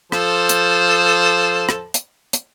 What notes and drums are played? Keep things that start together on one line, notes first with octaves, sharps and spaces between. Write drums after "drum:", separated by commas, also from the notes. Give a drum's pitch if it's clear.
F3 A4 C5, drum: rim click
drum: hi-hat
drum: rim click
drum: hi-hat
drum: hi-hat